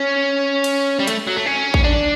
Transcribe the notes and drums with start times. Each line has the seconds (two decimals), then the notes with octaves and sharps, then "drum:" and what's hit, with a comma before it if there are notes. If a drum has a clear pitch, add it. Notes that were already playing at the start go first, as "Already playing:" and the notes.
Already playing: C#4
0.64 drum: cymbal
1.00 G3
1.07 A3, drum: hi-hat
1.28 F#3
1.37 A3
1.46 C#4
1.74 drum: kick A1
1.84 D4